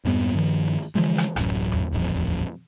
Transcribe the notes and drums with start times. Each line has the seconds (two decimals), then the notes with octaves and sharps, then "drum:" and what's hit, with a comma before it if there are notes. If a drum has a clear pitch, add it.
0.05 F2 G#2 G3 B3
0.34 G2 D#3 F3
0.46 drum: hi-hat
0.82 drum: hi-hat
0.95 D3 E3 F3 G#3
1.18 drum: rim click
1.36 D1 A1 F#2, drum: rim click
1.54 drum: hi-hat
1.72 drum: tom E2
1.93 D#1 A1 F2, drum: hi-hat
2.08 drum: hi-hat
2.26 drum: hi-hat